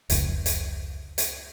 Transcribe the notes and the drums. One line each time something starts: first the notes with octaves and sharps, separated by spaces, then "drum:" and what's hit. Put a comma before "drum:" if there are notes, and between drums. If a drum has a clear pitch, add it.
F1 C#2, drum: hi-hat
drum: hi-hat
drum: hi-hat